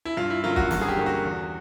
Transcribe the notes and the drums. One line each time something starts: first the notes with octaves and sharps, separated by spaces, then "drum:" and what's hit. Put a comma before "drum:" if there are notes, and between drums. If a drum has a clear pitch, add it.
E4
G2 F4
E4
D3 F#3 A#3 C#4 F4
F#4, drum: kick
G2, drum: snare
G#4
G4
D3 F#3 A#3 C#4
F#4
E2